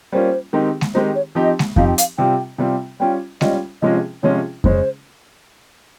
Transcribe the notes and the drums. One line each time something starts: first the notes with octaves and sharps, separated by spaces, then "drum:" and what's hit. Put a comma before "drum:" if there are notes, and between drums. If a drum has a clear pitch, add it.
G3 A#3 C#4 F4 C5
D#3 G#3 C4 D#4 G4
drum: snare G#3
D#3 G#3 C4 D#4 G4 C5
C#5
F3 C4 D#4 G4 D#5
drum: snare G#3
F3 C4 D#4 G4 F5, drum: kick F2
G5
F5, drum: hi-hat
C3 G3 C4 F4 G5
C3 G3 C4 F4
G3 C#4 F4 G5
G3 C#4 F4 D#5, drum: snare G#3
C3 F3 G#3 C#4 F4 D#5
C3 F3 G#3 C#4 F4 C#5
C#3 G#3 C#4 C5, drum: kick F2